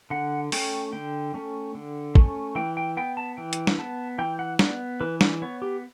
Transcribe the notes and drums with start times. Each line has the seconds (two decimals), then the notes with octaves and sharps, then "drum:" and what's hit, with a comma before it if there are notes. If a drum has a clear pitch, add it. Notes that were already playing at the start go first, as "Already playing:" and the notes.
0.10 D3 F#5
0.52 A3 C#4 G5, drum: open hi-hat
0.92 D3 G5
1.34 A3 C#4
1.75 D3
2.15 A3 C#4, drum: kick
2.55 E3 G5
2.77 G5
2.97 B3 G5
3.17 A5
3.37 E3 G5
3.53 drum: hi-hat
3.67 drum: snare
3.78 B3 A5
4.18 E3 G5
4.39 F#5
4.59 B3 D5, drum: snare
5.01 E3 B4
5.21 D5, drum: snare
5.42 B3 C#5
5.62 G4